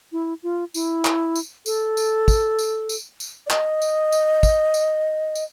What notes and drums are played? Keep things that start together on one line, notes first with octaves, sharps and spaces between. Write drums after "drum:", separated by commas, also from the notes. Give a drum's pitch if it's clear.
E4
F4
E4, drum: tambourine
drum: clap
drum: tambourine
A4, drum: tambourine
drum: tambourine
drum: kick, tambourine
drum: tambourine
drum: tambourine
drum: tambourine
D5
D#5, drum: clap
drum: tambourine
drum: tambourine
drum: kick, tambourine
drum: tambourine
drum: tambourine